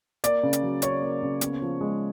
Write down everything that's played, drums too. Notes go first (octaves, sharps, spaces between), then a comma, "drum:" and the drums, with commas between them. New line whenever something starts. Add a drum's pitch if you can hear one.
A#3 D5, drum: hi-hat
C#3
drum: hi-hat
F#3
C#4 C#5, drum: hi-hat
A#3
C#3
B3, drum: hi-hat
F3
G#3